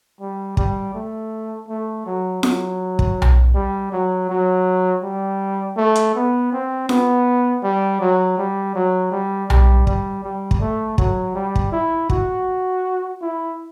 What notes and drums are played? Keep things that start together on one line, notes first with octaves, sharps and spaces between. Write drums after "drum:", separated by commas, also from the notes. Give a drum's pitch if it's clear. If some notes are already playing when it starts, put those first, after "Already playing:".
G3
G3, drum: kick
A3
A3
F#3
F#3, drum: snare F4
drum: kick
drum: tom B1
G3
F#3
F#3
G3
A3
drum: hi-hat
B3
C4
B3, drum: snare F4
G3
F#3
G3
F#3
G3
G3, drum: tom B1
G3, drum: kick
G3
drum: kick
A3
F#3, drum: kick
G3
drum: kick
E4
F#4, drum: kick
E4